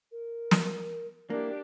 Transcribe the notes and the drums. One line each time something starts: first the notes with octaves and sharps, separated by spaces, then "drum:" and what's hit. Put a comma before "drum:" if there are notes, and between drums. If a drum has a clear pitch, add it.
A#4
drum: snare
A#3 D4 E4 G4